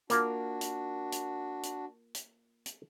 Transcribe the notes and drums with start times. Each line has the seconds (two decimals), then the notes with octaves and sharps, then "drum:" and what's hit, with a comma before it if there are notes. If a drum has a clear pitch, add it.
0.10 A#3 D4 F4 F#4 A#4, drum: hi-hat
0.61 drum: hi-hat
1.12 drum: hi-hat
1.63 drum: hi-hat
2.15 drum: hi-hat
2.66 drum: hi-hat